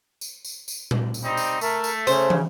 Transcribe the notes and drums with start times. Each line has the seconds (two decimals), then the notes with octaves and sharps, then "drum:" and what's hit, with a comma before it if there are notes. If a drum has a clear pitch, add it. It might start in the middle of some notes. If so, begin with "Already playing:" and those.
0.21 drum: tambourine
0.45 drum: tambourine
0.68 drum: tambourine
0.91 drum: tom A#2
1.14 drum: tambourine
1.24 G3 C4 D#4
1.37 drum: tambourine
1.61 A3 A#4, drum: tambourine
1.84 drum: tambourine
2.07 C#3 C5, drum: tambourine
2.30 drum: tom